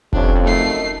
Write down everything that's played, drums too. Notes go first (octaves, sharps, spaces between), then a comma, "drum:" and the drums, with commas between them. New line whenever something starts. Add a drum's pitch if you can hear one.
F2 C3 G3 C#4 D4, drum: kick F1
F#2 A3 D#4 C7